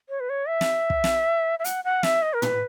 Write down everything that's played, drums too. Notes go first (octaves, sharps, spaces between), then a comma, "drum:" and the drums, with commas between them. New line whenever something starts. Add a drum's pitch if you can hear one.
C#5
B4
C#5
E5
drum: snare
drum: kick
drum: snare
E5
F#5, drum: hi-hat
F#5
E5, drum: snare
D#5
A#4
B4, drum: tom